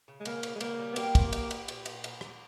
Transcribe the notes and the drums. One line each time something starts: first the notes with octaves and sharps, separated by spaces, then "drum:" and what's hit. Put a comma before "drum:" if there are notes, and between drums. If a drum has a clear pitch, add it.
C#3
G#3
C#3 A#3, drum: cymbal
C#3, drum: cymbal
G#3
C#3 A#3, drum: cymbal
G3
B3
A#3 G4, drum: cymbal
A#2, drum: kick, cymbal
G4, drum: cymbal
G4, drum: cymbal
A#2, drum: cymbal
A#2, drum: cymbal
A#2, drum: cymbal
A#2, drum: rim click